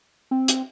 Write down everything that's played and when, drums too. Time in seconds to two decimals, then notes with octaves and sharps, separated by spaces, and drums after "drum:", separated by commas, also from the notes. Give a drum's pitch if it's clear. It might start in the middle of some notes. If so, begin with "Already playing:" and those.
0.31 C4
0.48 drum: hi-hat